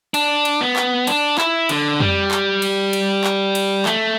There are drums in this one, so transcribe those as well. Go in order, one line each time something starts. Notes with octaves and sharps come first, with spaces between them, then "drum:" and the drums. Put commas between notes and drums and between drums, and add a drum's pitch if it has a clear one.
D4, drum: cymbal
drum: cymbal
B3
drum: clap
D4, drum: cymbal
E4, drum: clap
D3, drum: cymbal
G3, drum: tom F2
drum: clap
drum: cymbal
drum: cymbal
drum: clap
drum: cymbal
A3, drum: clap